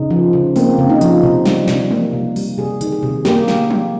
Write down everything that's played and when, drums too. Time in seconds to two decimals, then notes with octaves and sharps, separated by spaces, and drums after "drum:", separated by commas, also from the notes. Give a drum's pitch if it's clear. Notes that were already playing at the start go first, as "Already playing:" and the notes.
Already playing: C#3 D#4
0.10 F3
0.33 C#3
0.56 A#3 C4, drum: open hi-hat
0.79 C#3
0.90 D#4
1.01 F3, drum: hi-hat
1.23 C3
1.46 G3, drum: snare
1.68 C3, drum: snare
1.91 A#3, drum: tom
2.13 C3
2.36 G3, drum: open hi-hat
2.58 C3 G#4
2.81 D#3, drum: hi-hat
2.92 G#4
3.02 C3
3.25 A#3 G4, drum: snare
3.48 drum: snare
3.70 drum: tom F3